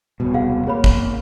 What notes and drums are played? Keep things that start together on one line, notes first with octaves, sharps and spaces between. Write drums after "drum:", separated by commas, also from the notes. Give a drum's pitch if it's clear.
D#1 C2 B2
G#4 F5 F#5
A#3 G#4 C#5 B5
drum: kick